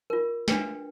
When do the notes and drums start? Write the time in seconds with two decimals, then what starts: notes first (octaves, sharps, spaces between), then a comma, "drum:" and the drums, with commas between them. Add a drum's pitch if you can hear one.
0.10 F4 A#4
0.48 D4 B4 G5, drum: snare